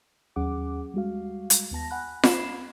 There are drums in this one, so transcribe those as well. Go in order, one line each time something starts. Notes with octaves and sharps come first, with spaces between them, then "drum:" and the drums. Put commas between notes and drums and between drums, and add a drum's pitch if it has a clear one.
D#2 F#3 C#4 G#4 F#5 D6
G3 G#3 F#4 F5
drum: hi-hat
D#2 B3 A5 A#6
F#5 G#5 B5 F#6
B5 G#6 C7 E7, drum: snare F4